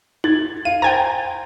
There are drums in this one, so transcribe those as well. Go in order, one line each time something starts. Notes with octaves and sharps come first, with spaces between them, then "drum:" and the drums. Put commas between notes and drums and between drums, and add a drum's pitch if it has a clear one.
G#6 A6 F#7, drum: tom D#4
F5 D#7
C5 G5 G#5 A#5 A6